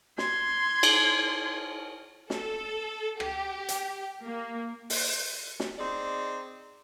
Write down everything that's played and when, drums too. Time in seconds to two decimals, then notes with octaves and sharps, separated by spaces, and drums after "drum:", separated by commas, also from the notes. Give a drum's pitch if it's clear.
0.18 C6 G#6, drum: snare
0.83 drum: cymbal
2.30 A4, drum: snare
3.20 G4, drum: rim click
3.69 drum: hi-hat
4.24 A#3
4.90 drum: open hi-hat
5.60 drum: snare
5.79 C4 D#4 G#4 D5